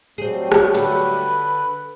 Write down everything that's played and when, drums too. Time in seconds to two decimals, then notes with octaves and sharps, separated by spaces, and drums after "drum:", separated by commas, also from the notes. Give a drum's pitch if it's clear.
0.18 F#3 G3 A3 C4 G#4
0.52 drum: rim click
0.75 D3 G#4 B4, drum: cymbal